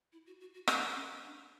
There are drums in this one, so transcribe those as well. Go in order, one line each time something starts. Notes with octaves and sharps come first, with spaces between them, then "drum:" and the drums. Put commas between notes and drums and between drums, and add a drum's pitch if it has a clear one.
E4
F#4
F#4
F#4
D4, drum: rim click
C#4
D4